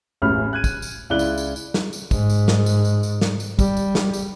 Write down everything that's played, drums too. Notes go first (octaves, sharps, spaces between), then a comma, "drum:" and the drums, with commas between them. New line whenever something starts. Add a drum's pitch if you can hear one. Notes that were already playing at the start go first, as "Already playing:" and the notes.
E1 A1 C#4 B5 F6
F#6 G#6 D#7
drum: kick, tambourine
drum: tambourine
C#2 E4 D5 F#6 G7
drum: tambourine
drum: tambourine
drum: tambourine
drum: snare
drum: tambourine
G#2, drum: kick, tambourine
drum: tambourine
drum: snare
drum: tambourine
drum: tambourine
drum: tambourine
drum: snare
drum: tambourine
G3, drum: kick, tambourine
drum: tambourine
drum: snare
drum: tambourine